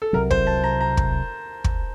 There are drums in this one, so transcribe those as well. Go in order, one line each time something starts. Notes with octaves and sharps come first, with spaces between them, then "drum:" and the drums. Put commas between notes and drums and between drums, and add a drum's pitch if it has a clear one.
A4
C2 C3 F#3 A#4
C5, drum: kick
A5
A#5
A#5
drum: kick
drum: kick